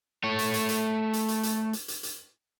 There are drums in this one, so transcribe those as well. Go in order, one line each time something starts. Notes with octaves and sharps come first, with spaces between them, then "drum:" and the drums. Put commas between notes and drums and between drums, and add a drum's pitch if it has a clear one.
A3 C#5
drum: hi-hat
drum: hi-hat
drum: hi-hat
drum: hi-hat
drum: hi-hat
drum: hi-hat
drum: hi-hat
drum: hi-hat
drum: hi-hat